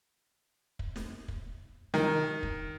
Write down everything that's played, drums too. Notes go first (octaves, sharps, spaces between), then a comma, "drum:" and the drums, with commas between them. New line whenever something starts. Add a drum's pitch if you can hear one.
drum: kick
drum: snare
drum: kick
D#3, drum: snare
drum: kick